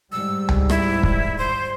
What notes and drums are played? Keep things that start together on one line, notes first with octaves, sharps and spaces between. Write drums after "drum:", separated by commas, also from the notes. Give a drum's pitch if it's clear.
G#2 G3 E6
drum: tom C#2
E4, drum: rim click
drum: kick
C5